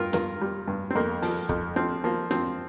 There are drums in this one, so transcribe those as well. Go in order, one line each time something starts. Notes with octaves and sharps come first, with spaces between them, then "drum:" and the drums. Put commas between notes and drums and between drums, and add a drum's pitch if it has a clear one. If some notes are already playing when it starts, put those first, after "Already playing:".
Already playing: G2 F4 G4 A#4
G2 F4 A#4, drum: snare
G3
G2
C4
F2 A#3
F3, drum: open hi-hat
F2, drum: kick
F3 C4
F3 A#3
F3 C4, drum: snare